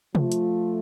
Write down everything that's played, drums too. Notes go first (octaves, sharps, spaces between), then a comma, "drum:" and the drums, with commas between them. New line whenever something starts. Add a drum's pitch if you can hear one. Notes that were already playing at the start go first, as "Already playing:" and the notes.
F3 A3 F4, drum: tom C3
drum: hi-hat